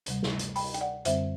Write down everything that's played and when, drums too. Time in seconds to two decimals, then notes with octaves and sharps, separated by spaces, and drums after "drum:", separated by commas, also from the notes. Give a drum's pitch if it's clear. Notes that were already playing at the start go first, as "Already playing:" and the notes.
0.06 D2 C3 G3, drum: hi-hat
0.23 drum: snare
0.39 drum: hi-hat
0.56 G5 B5, drum: open hi-hat
0.74 G5, drum: hi-hat
0.81 D5 F#5
1.05 F#2 D3 G3 C4 C5 E5, drum: hi-hat